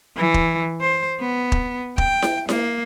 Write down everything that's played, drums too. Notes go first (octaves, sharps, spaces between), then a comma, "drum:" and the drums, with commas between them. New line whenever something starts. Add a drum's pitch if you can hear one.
E3
drum: kick
C5
B3
drum: kick
G5, drum: kick
drum: snare E4
A#3, drum: snare E4